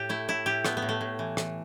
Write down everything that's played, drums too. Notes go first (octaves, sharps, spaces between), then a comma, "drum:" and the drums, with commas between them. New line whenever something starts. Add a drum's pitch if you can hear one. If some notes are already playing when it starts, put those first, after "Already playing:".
Already playing: A2 G4
A3 E4
A2 E4
A2 G4
A3 B3, drum: rim click
B3
A2
A3
A2
E3
E3, drum: rim click